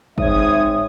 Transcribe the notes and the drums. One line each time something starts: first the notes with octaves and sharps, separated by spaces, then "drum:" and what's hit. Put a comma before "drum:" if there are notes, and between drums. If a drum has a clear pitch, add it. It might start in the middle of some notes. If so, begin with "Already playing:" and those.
G#2 C4 C#5 E5 D#6 G#6, drum: kick